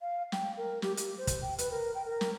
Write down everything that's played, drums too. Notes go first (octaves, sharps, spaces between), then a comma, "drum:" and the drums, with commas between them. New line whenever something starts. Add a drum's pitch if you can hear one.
F5
G5, drum: snare
A#4
G4, drum: snare
G4, drum: hi-hat
C5
drum: kick, hi-hat
G5
B4, drum: hi-hat
A#4
G5
A#4
drum: snare